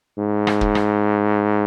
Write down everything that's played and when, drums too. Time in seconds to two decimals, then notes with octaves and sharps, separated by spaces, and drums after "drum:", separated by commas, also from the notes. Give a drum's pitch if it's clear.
0.19 G#2
0.47 drum: rim click
0.61 drum: kick
0.75 drum: rim click